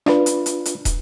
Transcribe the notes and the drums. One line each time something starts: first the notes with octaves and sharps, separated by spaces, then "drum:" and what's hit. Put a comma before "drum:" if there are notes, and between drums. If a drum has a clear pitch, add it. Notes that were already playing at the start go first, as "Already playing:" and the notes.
D4 F4 B4, drum: rim click
drum: hi-hat
drum: hi-hat
drum: hi-hat
drum: kick, hi-hat